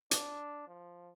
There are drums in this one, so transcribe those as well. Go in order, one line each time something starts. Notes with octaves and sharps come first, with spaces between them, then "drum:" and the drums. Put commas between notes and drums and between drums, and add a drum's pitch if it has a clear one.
D4, drum: hi-hat
F3